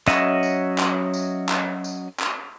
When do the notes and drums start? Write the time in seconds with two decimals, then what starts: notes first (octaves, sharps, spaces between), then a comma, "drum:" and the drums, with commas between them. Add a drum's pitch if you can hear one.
0.07 F#3 C#4 D#5 E5 F#5, drum: clap
0.43 drum: tambourine
0.78 drum: clap
1.14 drum: tambourine
1.49 drum: clap
1.84 drum: tambourine
2.20 drum: clap